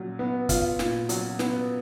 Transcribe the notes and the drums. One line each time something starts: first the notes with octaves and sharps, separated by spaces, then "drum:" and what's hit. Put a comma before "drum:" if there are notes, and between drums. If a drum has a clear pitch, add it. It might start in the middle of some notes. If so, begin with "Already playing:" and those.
Already playing: A#2 F#3
B3
F4, drum: kick, hi-hat
A#2, drum: snare
F#3, drum: hi-hat
B3, drum: snare